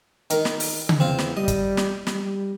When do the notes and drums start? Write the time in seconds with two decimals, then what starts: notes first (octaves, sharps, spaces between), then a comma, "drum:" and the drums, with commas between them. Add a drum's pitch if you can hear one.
0.30 D#3 A#4, drum: hi-hat
0.45 drum: snare
0.60 drum: open hi-hat
0.89 drum: tom C#3
1.00 E2 C4 F4
1.18 drum: snare
1.37 G3 D#5
1.48 drum: kick, hi-hat
1.77 drum: snare
2.07 G3, drum: snare